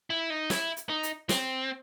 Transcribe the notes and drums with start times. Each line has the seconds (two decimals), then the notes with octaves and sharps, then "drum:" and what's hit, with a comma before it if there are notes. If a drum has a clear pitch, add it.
0.10 E4
0.30 D#4
0.50 E4, drum: snare
0.77 drum: hi-hat
0.89 D#4
1.03 drum: hi-hat
1.29 C4, drum: snare